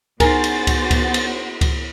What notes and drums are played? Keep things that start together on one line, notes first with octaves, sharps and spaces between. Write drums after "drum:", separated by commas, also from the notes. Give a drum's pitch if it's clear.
B3 D#4 F#4 G#4 A#4 C5 G#5 A6, drum: kick C#2, cymbal
drum: cymbal
drum: kick C#2, cymbal
drum: kick C#2, cymbal
drum: cymbal
drum: kick C#2, cymbal